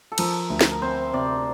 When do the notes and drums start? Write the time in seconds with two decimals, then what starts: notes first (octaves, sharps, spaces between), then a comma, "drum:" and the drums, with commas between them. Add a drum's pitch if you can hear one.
0.12 A4
0.18 F3 A#4, drum: cymbal
0.50 D2
0.61 drum: snare
0.72 A#4
0.82 C4 C5
1.13 C3 D5